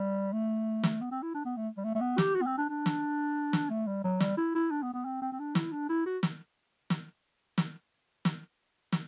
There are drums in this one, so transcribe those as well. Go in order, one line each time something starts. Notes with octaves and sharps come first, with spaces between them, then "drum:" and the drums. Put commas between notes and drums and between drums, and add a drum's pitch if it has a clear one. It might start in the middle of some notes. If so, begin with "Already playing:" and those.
Already playing: G3
A3
drum: snare
B3
C4
E4
D4
B3
A3
G3
A3
A3
B3
G4, drum: snare
F#4
B3
C4
D4
D4
drum: snare
drum: snare
A3
G3
F#3
G3, drum: snare
E4
E4
D4
B3
B3
C4
C4
C4
D4
E4, drum: snare
D4
E4
F#4
drum: snare
drum: snare
drum: snare
drum: snare
drum: snare